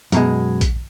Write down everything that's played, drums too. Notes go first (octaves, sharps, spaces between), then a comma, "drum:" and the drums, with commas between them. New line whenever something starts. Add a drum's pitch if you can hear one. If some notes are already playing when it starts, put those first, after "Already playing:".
F#2 B2 G#3, drum: hi-hat
drum: kick A#1, hi-hat